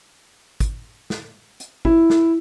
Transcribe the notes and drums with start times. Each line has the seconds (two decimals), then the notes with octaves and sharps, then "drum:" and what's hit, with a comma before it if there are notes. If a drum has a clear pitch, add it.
0.60 drum: kick, hi-hat
1.10 drum: snare
1.60 drum: hi-hat
1.85 E4, drum: kick
2.10 drum: snare